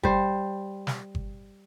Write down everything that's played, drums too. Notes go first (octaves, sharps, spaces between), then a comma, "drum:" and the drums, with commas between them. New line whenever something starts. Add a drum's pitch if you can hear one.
G3 C5, drum: kick G1
drum: snare
drum: kick G1